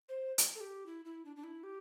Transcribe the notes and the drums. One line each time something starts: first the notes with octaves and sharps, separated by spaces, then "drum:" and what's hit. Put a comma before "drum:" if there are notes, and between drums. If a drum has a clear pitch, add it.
C5
drum: hi-hat
A4
G4
E4
E4
D4
D4
E4
G4